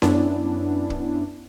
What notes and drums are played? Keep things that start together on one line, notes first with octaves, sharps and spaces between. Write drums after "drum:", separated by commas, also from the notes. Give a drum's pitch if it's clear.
F#2 B3 C#4 D4 E4, drum: snare C#4
drum: kick